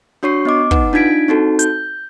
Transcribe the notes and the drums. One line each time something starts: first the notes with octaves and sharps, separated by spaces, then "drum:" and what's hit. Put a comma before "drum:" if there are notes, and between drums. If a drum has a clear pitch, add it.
D4 F#4 C#5 C#6 C7
B3 D#5 D6
D#4 B4 F#5, drum: kick
D4 D#4 F4 G#6 B6 D7
C4 D#4 F#4 A4
G6, drum: hi-hat